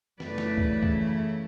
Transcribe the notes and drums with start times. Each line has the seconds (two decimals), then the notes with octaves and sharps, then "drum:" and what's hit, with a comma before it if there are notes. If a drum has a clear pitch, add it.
0.20 F#2 C#3 E3 A3 E4 B4 D5, drum: snare
0.38 drum: snare
0.58 drum: kick
0.83 drum: kick